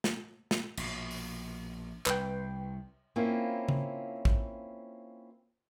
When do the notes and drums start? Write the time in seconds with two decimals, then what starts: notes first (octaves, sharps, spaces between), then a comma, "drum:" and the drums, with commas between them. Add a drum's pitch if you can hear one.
0.04 drum: snare
0.51 drum: snare
0.77 A#1 B2, drum: cymbal
1.11 drum: open hi-hat
2.06 C2 B4 G5, drum: clap
3.16 A#3 C4 C#4 E4 F4
3.69 drum: tom C#3
4.25 drum: kick